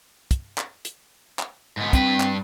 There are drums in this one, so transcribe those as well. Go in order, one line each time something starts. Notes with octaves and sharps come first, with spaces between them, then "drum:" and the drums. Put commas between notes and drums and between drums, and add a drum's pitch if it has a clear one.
drum: kick, hi-hat
drum: clap
drum: hi-hat
drum: clap
G#2 B3
G2 C4 B4, drum: kick, hi-hat
drum: clap